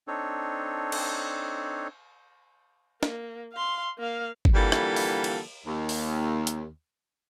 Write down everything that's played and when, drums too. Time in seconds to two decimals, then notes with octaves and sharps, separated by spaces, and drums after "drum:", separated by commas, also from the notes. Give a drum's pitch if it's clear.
0.08 C4 D4 D#4 A4 C#5
0.92 drum: cymbal
3.03 A#3, drum: snare
3.53 F5 C6
3.98 A#3 F5
4.45 drum: kick G1
4.55 D3 E3 F3 G3 A#3 A4
4.72 drum: rim click
4.96 drum: open hi-hat
5.24 drum: cymbal
5.66 D#2
5.89 drum: open hi-hat
6.47 drum: hi-hat